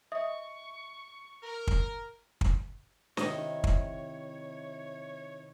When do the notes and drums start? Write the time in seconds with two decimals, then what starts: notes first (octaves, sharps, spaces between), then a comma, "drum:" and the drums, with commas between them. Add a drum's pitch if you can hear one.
0.12 D#5 E5 C#6 D#6
1.43 A#4
1.67 drum: kick
2.41 drum: kick
3.17 C3 D#3 E4 C#5 D#5, drum: snare
3.64 drum: kick